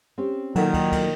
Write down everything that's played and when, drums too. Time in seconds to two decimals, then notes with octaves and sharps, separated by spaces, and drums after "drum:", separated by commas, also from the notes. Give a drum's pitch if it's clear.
0.18 C4 C#4 G4
0.56 A#2 D#3 F#3 A4 F#5, drum: cymbal
0.74 drum: kick, cymbal
0.92 drum: kick, cymbal